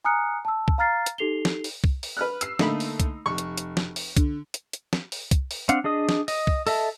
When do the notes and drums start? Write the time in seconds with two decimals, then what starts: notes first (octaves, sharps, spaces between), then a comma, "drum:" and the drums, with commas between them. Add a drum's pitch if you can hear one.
0.05 G#5 A#5 D#6 F6 F#6 C#7
0.45 A5 E6
0.68 drum: kick C2
0.78 F5 A#5 F6 A6 C7
1.06 drum: hi-hat
1.18 D#4 G4 A4 C7 F7 G7
1.45 drum: snare
1.64 drum: open hi-hat
1.84 drum: kick C2
2.03 drum: open hi-hat
2.17 B4 F6 F#6
2.41 E6 C7, drum: hi-hat
2.59 D3 A3 A#3 D#4 B5, drum: snare
2.80 drum: open hi-hat
3.00 drum: kick C2, hi-hat
3.26 F1 C#6
3.38 drum: hi-hat
3.58 drum: hi-hat
3.77 drum: snare
3.96 drum: open hi-hat
4.17 D3, drum: kick C2, hi-hat
4.54 drum: hi-hat
4.73 drum: hi-hat
4.93 drum: snare
5.12 drum: open hi-hat
5.31 drum: kick C2, hi-hat
5.51 drum: open hi-hat
5.69 C4 D4 F5 F#5, drum: hi-hat
5.84 D4 G#4 D#5 D#6
6.09 drum: snare
6.28 D#5, drum: open hi-hat
6.47 drum: kick C2
6.67 A4 D#5 E5 A5, drum: open hi-hat